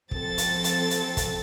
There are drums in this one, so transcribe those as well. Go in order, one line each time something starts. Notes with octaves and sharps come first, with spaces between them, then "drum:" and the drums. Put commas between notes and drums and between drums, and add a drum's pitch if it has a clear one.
F3 C4 A4 A6, drum: kick
drum: hi-hat
drum: hi-hat
drum: hi-hat
drum: kick, hi-hat